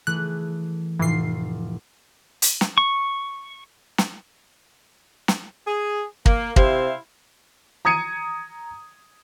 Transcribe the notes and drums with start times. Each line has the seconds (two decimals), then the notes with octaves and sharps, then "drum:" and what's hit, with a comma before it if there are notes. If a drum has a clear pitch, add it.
0.07 E3 A3 G#4 F#6
0.99 F1 A2 E3 F4 C7
2.42 drum: hi-hat
2.61 drum: snare
2.78 C#6
3.98 drum: snare
5.28 drum: snare
5.67 G#4
6.26 A#3, drum: kick
6.56 C3 E4 C5 F5, drum: kick
7.85 A#5 D#6 G#6 C#7 D#7